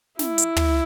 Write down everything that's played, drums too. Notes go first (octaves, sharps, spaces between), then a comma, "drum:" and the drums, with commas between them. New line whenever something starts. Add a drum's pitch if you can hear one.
E4, drum: snare
drum: hi-hat
drum: tom